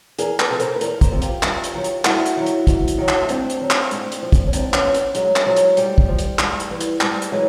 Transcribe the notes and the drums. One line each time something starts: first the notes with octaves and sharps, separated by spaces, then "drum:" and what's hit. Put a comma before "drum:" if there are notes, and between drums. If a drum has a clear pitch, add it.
E2 G#4 A#4, drum: hi-hat
A4 B4, drum: clap
C3 F3
A#4 C5, drum: hi-hat
B4
E2 A#4 C5, drum: hi-hat
A#4 C5, drum: kick, hi-hat
C3 F3
F4 G4, drum: hi-hat
G2, drum: clap
drum: hi-hat
D#3 F#3
drum: hi-hat
G2 E4 F#4, drum: clap
drum: hi-hat
D#3 F#3
drum: hi-hat
G#2, drum: kick, hi-hat
drum: hi-hat
D#3 F#3
drum: clap
D#4
G#2 C4 D4, drum: hi-hat
drum: hi-hat
D#3 F#3
drum: clap
G#2, drum: hi-hat
drum: hi-hat
F3
drum: kick, hi-hat
C#4
G#2 C4 D4, drum: hi-hat
B3 C#4, drum: clap
F3
drum: hi-hat
G#2 F#3 G#3, drum: hi-hat
drum: clap
F3 F#3 G#3
drum: hi-hat
G#2 G3, drum: hi-hat
drum: kick
F3
drum: hi-hat
G#2, drum: clap
drum: hi-hat
E3
drum: hi-hat
G#2 G3, drum: clap
drum: hi-hat
E3 F#3 G#3